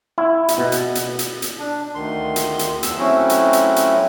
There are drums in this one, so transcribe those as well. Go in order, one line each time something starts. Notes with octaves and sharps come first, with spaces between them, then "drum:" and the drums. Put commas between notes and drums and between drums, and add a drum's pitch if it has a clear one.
E4
drum: hi-hat
B2
drum: hi-hat
drum: hi-hat
drum: hi-hat
drum: hi-hat
D4
D2 D#3 C6
drum: hi-hat
drum: hi-hat
E2 E6, drum: hi-hat
F#3 A3 C4 C#4 E4 F#4
drum: hi-hat
drum: hi-hat
drum: hi-hat